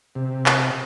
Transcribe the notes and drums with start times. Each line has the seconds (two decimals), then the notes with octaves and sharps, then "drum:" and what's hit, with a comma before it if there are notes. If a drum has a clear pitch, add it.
0.15 C3
0.46 drum: clap